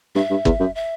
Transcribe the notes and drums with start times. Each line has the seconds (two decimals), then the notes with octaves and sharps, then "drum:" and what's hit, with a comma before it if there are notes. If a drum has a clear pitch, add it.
0.16 G2 E5
0.30 G2
0.45 E2, drum: kick
0.60 F#2
0.75 E5